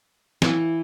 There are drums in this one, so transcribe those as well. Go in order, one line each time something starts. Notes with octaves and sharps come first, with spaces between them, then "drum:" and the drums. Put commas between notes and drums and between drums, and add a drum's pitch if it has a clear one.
E3, drum: snare